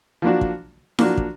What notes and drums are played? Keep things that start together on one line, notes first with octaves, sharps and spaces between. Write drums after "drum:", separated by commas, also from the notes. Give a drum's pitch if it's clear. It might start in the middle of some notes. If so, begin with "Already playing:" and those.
F3 A#3 D4 F#4
drum: kick
F3 A#3 D4 F#4, drum: snare E4
drum: kick